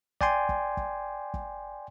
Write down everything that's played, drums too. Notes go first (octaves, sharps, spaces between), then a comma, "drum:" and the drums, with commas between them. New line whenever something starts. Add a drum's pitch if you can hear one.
D5 G5 G#5 C6, drum: kick
drum: kick
drum: kick
drum: kick